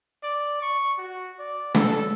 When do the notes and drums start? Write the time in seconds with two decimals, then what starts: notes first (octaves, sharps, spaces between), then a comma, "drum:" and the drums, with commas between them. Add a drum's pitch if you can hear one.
0.23 D5
0.62 C#6
0.98 F#4
1.39 D5
1.75 A4, drum: snare